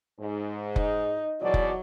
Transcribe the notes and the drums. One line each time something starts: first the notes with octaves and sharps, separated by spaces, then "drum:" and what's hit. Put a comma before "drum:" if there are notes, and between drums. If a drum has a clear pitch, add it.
G#2
D#4, drum: kick F1
E2 B2 F#3 D5
drum: kick F1